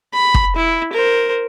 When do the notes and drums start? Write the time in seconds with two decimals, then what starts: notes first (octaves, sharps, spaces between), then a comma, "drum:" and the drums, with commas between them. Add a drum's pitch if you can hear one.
0.13 B5
0.34 drum: kick
0.56 E4
0.92 A#4 C5